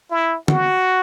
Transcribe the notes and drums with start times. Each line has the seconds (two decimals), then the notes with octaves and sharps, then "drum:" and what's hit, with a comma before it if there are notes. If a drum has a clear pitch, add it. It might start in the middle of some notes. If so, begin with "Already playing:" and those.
0.11 E4
0.48 F#4, drum: tom